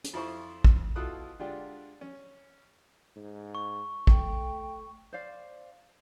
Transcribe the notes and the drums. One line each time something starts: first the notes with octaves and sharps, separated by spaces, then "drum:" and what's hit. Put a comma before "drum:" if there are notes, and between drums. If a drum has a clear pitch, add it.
drum: hi-hat
F2 F3 E4 F4 C5 C#6
drum: kick
B2 E4 F4 A4 D#6 F#6
D3 G#3 D4 F4 G4
C#4
G#2
C#6
A3 G5, drum: kick
C5 D5 F5